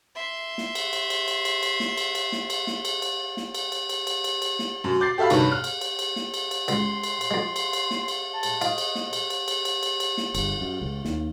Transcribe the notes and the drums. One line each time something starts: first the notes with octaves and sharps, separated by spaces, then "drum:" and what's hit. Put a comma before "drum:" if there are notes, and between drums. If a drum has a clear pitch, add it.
E5 C6
drum: snare
drum: cymbal
drum: cymbal
drum: cymbal
drum: cymbal
drum: cymbal
drum: cymbal
drum: snare
drum: cymbal
drum: cymbal
drum: snare
drum: cymbal
drum: snare
drum: cymbal
drum: cymbal
drum: snare
drum: cymbal
drum: cymbal
drum: cymbal
drum: cymbal
drum: cymbal
drum: cymbal
drum: snare
F#2
D6 G6 A6 C7
G4 A4 E5 F5 B5
F1 G2 D#3 B4 C#5 C#6, drum: cymbal
F6 F#6
drum: cymbal
drum: cymbal
drum: cymbal
drum: snare
drum: cymbal
drum: cymbal
C#2 C6, drum: cymbal
drum: cymbal
drum: cymbal
F2 G#3
drum: cymbal
drum: cymbal
drum: snare
drum: cymbal
A5
drum: cymbal
F4 D#5, drum: cymbal
drum: cymbal
drum: snare
drum: cymbal
drum: cymbal
drum: cymbal
drum: cymbal
drum: cymbal
drum: cymbal
drum: snare
G1, drum: cymbal
F#2
C#2
D#2, drum: snare